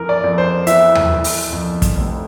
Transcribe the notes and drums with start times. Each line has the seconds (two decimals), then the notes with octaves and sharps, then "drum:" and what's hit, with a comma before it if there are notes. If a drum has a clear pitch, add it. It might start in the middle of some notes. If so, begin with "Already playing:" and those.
Already playing: F2 E3 A#4
0.09 D5
0.24 F2
0.38 C5
0.67 E3 E5, drum: hi-hat
0.95 drum: tom D#2
1.10 E3
1.24 drum: open hi-hat
1.52 F2
1.82 drum: kick, hi-hat
1.97 F1